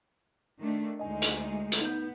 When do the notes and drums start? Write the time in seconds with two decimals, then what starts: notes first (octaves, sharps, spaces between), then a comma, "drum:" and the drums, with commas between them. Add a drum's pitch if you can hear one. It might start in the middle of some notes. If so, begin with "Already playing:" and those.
0.59 D#3 A3 D4
0.99 D2 G#3 D#4 D#5 G#5
1.22 drum: hi-hat
1.72 drum: hi-hat
1.81 B3 D#4 G6